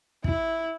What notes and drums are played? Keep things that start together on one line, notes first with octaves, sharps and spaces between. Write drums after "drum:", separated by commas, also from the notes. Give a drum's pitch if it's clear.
E4, drum: kick